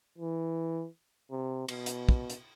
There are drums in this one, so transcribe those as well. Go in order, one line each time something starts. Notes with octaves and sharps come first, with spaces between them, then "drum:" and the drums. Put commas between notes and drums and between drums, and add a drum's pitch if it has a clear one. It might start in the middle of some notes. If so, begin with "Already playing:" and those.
E3
C3
B2, drum: cymbal
drum: hi-hat
drum: kick
drum: hi-hat